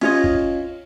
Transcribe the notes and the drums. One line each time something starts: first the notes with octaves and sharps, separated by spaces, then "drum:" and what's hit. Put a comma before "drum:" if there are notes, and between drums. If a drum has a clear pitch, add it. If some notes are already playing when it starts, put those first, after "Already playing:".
C#4 F4 C#5 D#5, drum: cymbal
drum: kick G1